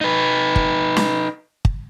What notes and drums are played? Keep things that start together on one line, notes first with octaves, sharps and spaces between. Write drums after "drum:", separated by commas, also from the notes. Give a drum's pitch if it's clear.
D#4 B4
drum: kick
drum: snare
drum: kick